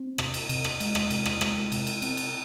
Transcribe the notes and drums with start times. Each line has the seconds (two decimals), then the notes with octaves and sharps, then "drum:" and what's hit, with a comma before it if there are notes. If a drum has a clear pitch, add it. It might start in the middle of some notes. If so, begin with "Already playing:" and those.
Already playing: C4
0.18 C3, drum: rim click
0.34 drum: cymbal
0.49 C3, drum: cymbal
0.64 drum: rim click
0.80 G#3, drum: cymbal
0.95 drum: rim click
1.10 C3, drum: cymbal
1.26 drum: rim click
1.41 G#3, drum: rim click
1.72 C3, drum: cymbal
1.87 drum: cymbal
2.02 C4, drum: cymbal
2.17 drum: cymbal